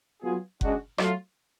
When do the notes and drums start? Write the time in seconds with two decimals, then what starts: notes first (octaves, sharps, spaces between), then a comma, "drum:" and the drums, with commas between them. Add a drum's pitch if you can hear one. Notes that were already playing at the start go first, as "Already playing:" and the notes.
0.22 F#3 B3 F4 G#4
0.61 C#3 G#3 D4 F#4, drum: kick F#1
0.98 F#3 A3 F4, drum: rim click